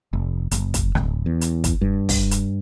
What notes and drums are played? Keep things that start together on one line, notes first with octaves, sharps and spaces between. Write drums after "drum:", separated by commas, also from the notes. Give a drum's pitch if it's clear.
F1
F#1, drum: hi-hat
drum: kick, hi-hat
D1, drum: rim click
E2
drum: hi-hat
drum: kick, hi-hat
G2
drum: kick, open hi-hat
drum: hi-hat